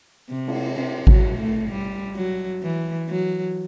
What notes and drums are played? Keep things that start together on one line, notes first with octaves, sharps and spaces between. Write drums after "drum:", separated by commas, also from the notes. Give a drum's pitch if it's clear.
C3
drum: cymbal
C3
F#3, drum: kick G#1
A3
G3
F#3
E3
F#3